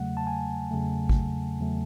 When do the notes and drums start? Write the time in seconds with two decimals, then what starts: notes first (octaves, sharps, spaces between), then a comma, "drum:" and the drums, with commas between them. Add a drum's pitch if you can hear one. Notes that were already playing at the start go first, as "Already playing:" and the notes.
Already playing: E2 C#3 F#3 A3 F#5
0.17 A5
0.27 G#5
0.71 E2 C#3 F#3 A3
1.09 drum: kick G#1
1.59 E2 C#3 F#3 A3